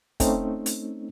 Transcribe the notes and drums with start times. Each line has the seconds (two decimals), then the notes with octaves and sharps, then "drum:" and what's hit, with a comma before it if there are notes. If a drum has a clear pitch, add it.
0.20 A3 C4 C#4 D#4, drum: kick, hi-hat
0.66 drum: hi-hat